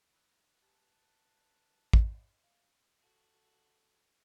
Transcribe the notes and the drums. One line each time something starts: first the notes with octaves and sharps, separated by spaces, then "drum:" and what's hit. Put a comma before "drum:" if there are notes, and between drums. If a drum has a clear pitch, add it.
D#4 B5 E6 F#6
B4
G4 G#5 A5
drum: kick
G#3 F5
F#4 A4